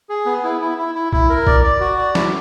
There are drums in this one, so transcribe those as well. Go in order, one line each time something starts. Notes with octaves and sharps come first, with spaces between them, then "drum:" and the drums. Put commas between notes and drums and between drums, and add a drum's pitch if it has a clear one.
G#4
B3
E4
E4
E4
E4
E4, drum: kick
A#4
D5, drum: kick
D5
F#4
D5
E4, drum: snare